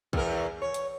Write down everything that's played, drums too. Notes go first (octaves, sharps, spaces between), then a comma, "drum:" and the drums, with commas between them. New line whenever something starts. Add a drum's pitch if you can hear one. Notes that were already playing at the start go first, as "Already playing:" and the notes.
E2 A#4, drum: kick
C#5
drum: hi-hat